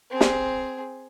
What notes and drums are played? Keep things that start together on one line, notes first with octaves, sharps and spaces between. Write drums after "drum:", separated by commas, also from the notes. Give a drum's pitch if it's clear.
C4 G#4
drum: snare